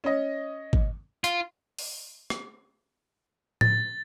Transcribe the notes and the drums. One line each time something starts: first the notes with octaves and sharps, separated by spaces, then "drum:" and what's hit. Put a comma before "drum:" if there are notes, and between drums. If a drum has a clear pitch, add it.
C#4 D#5
drum: kick G#1
F4, drum: hi-hat
drum: open hi-hat
drum: rim click
A6, drum: tom